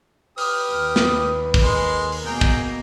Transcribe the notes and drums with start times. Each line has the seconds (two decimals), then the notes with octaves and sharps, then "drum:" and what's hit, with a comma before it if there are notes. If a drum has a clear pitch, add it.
0.38 G4 B4 D#6 F6, drum: open hi-hat
0.72 D#2
0.96 drum: snare
1.54 drum: kick, open hi-hat
1.63 G#3 A#4 C6
2.12 drum: open hi-hat
2.26 B2 A#3 G#4 G5 A#5
2.41 drum: kick